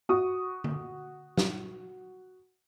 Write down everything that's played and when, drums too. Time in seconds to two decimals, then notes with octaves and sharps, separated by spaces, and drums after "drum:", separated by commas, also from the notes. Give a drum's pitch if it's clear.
0.09 F#4 C#6 D#6
0.64 drum: tom D3
1.38 drum: snare